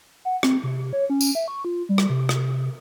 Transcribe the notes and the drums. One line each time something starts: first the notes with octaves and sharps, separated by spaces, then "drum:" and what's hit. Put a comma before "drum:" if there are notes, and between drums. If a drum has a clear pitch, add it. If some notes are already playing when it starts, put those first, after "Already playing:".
F#5
C4, drum: rim click
C3
C#5
C#4
drum: tambourine
E5
C#6
F4
G3
drum: rim click
C3
drum: rim click